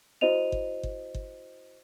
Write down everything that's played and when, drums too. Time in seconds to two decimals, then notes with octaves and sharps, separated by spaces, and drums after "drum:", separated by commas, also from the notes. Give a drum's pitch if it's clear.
0.21 E4 F#4 C5 D#5 D#7 F7
0.52 drum: kick G1
0.83 drum: kick G1
1.15 drum: kick G1